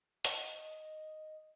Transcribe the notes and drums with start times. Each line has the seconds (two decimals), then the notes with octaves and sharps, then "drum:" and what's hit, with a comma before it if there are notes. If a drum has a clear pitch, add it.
0.25 D#5, drum: hi-hat